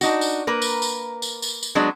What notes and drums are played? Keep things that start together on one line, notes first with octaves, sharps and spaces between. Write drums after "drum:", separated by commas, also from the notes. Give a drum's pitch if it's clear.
D4 D#4 F#4, drum: tambourine
drum: tambourine
A#3 A#4 B4
drum: tambourine
drum: tambourine
drum: tambourine
drum: tambourine
drum: tambourine
F#3 G#3 B3 D4